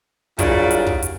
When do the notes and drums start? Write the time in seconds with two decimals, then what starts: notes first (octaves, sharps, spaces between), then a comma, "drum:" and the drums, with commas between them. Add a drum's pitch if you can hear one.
0.39 G2 A#2 C#3 F#3 E4 D5, drum: kick, hi-hat
0.71 drum: hi-hat
0.86 drum: kick
1.02 drum: hi-hat